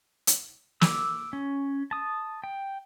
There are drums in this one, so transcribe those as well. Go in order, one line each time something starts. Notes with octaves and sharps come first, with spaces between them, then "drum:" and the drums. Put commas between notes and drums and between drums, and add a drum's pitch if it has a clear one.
drum: hi-hat
D6 E6, drum: snare
C#4
A5 D#6
G5